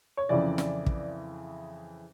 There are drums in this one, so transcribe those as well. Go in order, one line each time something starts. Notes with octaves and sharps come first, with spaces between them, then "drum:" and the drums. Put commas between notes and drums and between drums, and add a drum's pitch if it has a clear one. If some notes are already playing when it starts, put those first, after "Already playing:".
C#5
F2 C#3 E3 D5
drum: snare
drum: kick